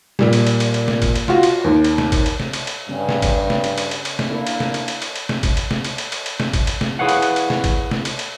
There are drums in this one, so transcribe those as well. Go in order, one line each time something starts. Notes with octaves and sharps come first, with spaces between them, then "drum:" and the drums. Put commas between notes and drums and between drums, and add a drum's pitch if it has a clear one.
A#2 G3, drum: snare
drum: cymbal
drum: cymbal
drum: cymbal
drum: cymbal
drum: snare
drum: kick G#1, cymbal
drum: cymbal
F4 F#4, drum: snare
drum: cymbal
D#2
drum: cymbal
drum: snare
drum: kick G#1, cymbal
drum: cymbal
drum: snare
drum: cymbal
drum: cymbal
G2 C#3 B3 C#4
drum: snare
drum: kick G#1, cymbal
drum: snare
drum: cymbal
drum: cymbal
drum: cymbal
drum: cymbal
drum: snare
A#3 D4 E4 A4
drum: cymbal
drum: snare
drum: cymbal
drum: cymbal
drum: cymbal
drum: cymbal
drum: snare
drum: kick G#1, cymbal
drum: cymbal
drum: snare
drum: cymbal
drum: cymbal
drum: cymbal
drum: cymbal
drum: snare
drum: kick G#1, cymbal
drum: cymbal
drum: snare
E4 G#4 B4 C#5 F5 F#5
drum: cymbal
drum: cymbal
drum: cymbal
drum: snare
drum: kick G#1, cymbal
drum: snare
drum: cymbal
drum: cymbal